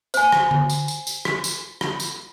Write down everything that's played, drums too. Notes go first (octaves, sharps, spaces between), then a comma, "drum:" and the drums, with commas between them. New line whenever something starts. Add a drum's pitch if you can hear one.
C5 G#5, drum: tambourine
drum: rim click
drum: tom D3
drum: tambourine
drum: tambourine
drum: tambourine
drum: rim click
drum: tambourine
drum: rim click
drum: tambourine